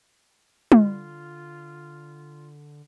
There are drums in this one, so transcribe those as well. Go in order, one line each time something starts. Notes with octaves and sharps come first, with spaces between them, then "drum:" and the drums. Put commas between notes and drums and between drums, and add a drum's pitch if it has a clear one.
D3 F4, drum: tom